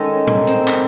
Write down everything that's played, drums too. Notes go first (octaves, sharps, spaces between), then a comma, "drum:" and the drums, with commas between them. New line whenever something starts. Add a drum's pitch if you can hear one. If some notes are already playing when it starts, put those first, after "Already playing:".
Already playing: D#3 G#3 C#4 D#4 A4
drum: tom
C4, drum: hi-hat
drum: clap